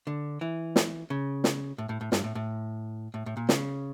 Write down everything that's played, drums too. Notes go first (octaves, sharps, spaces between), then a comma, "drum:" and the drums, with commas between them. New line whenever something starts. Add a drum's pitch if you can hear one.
D3
E3
drum: snare
C#3
drum: snare
A2
A2
A2
G2, drum: snare
A2
A2
A2
A2
A#2
C#3, drum: snare